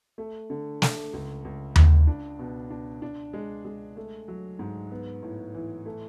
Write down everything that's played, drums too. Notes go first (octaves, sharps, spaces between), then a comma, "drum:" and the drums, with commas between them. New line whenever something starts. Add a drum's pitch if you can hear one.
A3
D3
A3, drum: snare
C#2
C#2
C#2, drum: tom D#2
D4
B2
D4
D4
G#3
G#3
A3
F#3
G#2
B3
A2
E3
A3